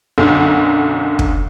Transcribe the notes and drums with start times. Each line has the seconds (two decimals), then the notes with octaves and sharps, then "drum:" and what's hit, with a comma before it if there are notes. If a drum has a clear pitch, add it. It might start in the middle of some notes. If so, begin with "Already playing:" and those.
0.18 B1 F#2 D3
1.19 drum: kick